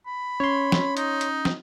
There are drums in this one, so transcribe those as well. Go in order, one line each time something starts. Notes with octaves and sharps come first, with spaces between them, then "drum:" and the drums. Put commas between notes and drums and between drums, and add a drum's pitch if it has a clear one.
B5
C#4 C#5 C6
drum: snare
D#4, drum: hi-hat
drum: hi-hat
drum: snare